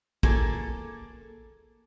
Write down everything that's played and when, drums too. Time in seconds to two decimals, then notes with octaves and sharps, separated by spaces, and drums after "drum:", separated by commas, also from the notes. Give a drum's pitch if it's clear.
0.23 A#3 G#4 A4, drum: kick